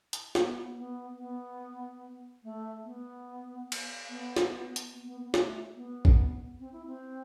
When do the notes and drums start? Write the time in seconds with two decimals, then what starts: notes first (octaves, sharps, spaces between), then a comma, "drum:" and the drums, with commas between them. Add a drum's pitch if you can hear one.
0.13 drum: hi-hat
0.35 B3, drum: snare
0.77 B3
1.19 B3
2.43 A3
2.85 B3
3.72 drum: cymbal
4.09 B3
4.36 drum: snare
4.76 drum: hi-hat
4.93 B3
5.06 B3
5.20 B3
5.34 A3, drum: snare
5.76 B3
6.05 drum: kick A1
6.59 C4
6.72 E4
6.86 C4